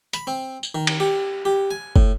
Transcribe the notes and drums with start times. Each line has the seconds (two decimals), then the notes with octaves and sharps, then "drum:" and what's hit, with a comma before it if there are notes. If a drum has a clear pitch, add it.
0.13 B5, drum: hi-hat
0.27 C4
0.63 drum: tambourine
0.75 D#3
0.87 drum: cymbal
1.00 G4
1.45 G4
1.71 G#5
1.96 A2, drum: kick